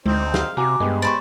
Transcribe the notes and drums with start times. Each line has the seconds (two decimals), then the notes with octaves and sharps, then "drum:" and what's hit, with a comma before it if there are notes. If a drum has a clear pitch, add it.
0.06 D2 C4 D#4, drum: tom G#3
0.34 F5, drum: snare
0.57 C3 F#4 G#5 A#5 D6
0.80 G2 G#3 B3 G4
1.02 C5 D5 B5 C#6